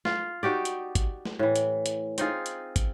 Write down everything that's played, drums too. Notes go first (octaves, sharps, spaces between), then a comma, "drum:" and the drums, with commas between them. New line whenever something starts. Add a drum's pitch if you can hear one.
F4, drum: snare
D#4 F#4 G4 D5
drum: hi-hat
drum: kick, hi-hat
drum: snare
A2 E3
drum: hi-hat
drum: hi-hat
C4 D#4 F4 G#4, drum: hi-hat
drum: hi-hat
drum: kick, hi-hat